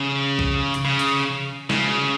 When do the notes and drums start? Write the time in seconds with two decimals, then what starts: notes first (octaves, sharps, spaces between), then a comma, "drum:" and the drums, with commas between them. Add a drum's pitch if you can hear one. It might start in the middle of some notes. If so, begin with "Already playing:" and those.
Already playing: C#3
0.39 drum: kick
0.74 drum: hi-hat
0.85 C#3
0.99 drum: hi-hat
1.70 C#3, drum: snare